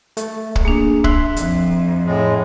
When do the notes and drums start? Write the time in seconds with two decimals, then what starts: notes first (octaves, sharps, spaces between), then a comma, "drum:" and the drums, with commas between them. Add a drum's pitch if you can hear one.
0.17 A3, drum: hi-hat
0.55 drum: kick
0.65 A#3 D4 G#4
1.04 E5 C6 F#6, drum: kick
1.36 F2, drum: hi-hat
2.05 A2 G#3